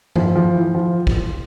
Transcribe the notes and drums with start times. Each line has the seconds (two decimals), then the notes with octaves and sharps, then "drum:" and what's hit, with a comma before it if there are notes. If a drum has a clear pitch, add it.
0.16 F3, drum: tom G2
0.35 F3
0.55 E3
0.75 F3
1.07 drum: kick